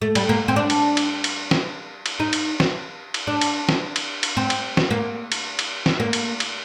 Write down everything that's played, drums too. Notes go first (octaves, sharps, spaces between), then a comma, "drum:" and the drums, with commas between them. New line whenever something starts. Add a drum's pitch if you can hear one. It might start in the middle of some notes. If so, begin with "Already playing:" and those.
A3
G3, drum: cymbal
A#3
C4
D4
drum: cymbal
drum: cymbal
drum: cymbal
drum: snare
drum: cymbal
D#4
drum: cymbal
drum: snare
drum: cymbal
D4
drum: cymbal
drum: snare
drum: cymbal
drum: cymbal
C4
drum: cymbal
drum: snare
A#3
drum: cymbal
drum: cymbal
drum: snare
A#3
drum: cymbal
drum: cymbal